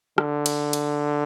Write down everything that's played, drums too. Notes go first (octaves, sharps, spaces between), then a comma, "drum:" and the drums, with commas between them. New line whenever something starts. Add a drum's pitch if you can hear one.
D3, drum: rim click
drum: cymbal
drum: cymbal